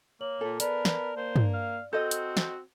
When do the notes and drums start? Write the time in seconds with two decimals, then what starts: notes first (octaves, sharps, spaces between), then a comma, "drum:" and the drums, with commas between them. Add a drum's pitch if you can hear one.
0.21 A#3 C#5 F#7
0.41 A#2 A4
0.60 B3 A#4 D5, drum: hi-hat
0.85 drum: snare
1.17 A#3 C5
1.36 drum: tom G2
1.54 F5
1.93 C4 F#4 A4 D#5 G6
2.11 drum: hi-hat
2.37 drum: snare